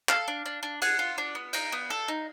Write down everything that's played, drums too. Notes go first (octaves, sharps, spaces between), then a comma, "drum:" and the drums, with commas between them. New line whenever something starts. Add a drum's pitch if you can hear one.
A4 F5, drum: clap
D4
D4
D4
G#4 F#5, drum: cymbal
F4
D4
B3
D#4 G5, drum: cymbal
B3
A4
D#4